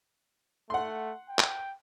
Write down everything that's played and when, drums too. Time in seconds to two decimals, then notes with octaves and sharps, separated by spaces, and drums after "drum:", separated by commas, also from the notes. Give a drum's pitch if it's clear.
0.70 A3 F#5 C6
1.29 G5
1.39 drum: clap